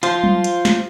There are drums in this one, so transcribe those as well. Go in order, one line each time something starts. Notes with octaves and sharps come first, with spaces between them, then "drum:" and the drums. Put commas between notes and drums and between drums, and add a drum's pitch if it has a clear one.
F4 C5, drum: hi-hat
drum: tom F#3
drum: hi-hat
drum: snare